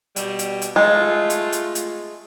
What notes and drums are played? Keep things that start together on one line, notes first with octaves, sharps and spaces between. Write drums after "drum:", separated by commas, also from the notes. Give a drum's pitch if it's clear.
B2 G3, drum: hi-hat
drum: hi-hat
drum: hi-hat
G#3 A3 F4
drum: hi-hat
drum: hi-hat
drum: hi-hat